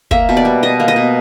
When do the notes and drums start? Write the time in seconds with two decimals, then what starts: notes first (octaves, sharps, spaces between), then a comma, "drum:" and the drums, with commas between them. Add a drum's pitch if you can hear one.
0.11 A#3 E5, drum: kick
0.29 B2
0.37 D5
0.45 G3
0.63 B2 D#5
0.80 A#3
0.88 D#5
0.96 B2